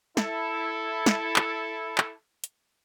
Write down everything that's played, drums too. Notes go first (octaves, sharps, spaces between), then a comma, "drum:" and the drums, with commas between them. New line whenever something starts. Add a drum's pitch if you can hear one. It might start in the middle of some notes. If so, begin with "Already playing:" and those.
E4 A4, drum: snare
drum: snare
drum: clap
drum: clap
drum: hi-hat